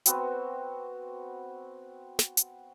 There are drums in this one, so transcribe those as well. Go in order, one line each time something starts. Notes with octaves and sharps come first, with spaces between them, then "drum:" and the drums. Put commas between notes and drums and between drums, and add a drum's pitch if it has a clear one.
B3 C4 F#4, drum: hi-hat
drum: snare
drum: hi-hat